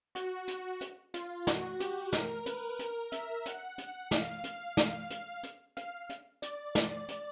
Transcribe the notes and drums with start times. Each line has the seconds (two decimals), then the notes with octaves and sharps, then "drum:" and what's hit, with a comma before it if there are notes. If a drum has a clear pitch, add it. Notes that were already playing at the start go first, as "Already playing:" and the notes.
0.15 F#4, drum: hi-hat
0.48 drum: hi-hat
0.81 drum: hi-hat
1.14 F4, drum: hi-hat
1.47 F#4, drum: snare
1.80 G4, drum: hi-hat
2.13 A#4, drum: snare
2.46 B4, drum: hi-hat
2.79 A#4, drum: hi-hat
3.12 E5, drum: hi-hat
3.46 F#5, drum: hi-hat
3.78 drum: hi-hat
4.11 F5, drum: snare
4.44 F5, drum: hi-hat
4.77 drum: snare
5.10 drum: hi-hat
5.43 drum: hi-hat
5.77 F5, drum: hi-hat
6.09 drum: hi-hat
6.42 D5, drum: hi-hat
6.75 D5, drum: snare
7.08 drum: hi-hat